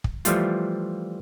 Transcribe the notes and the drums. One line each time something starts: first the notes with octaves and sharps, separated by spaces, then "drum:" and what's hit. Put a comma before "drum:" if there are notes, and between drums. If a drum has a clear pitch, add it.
drum: kick
E3 F3 G3 A3 F4, drum: hi-hat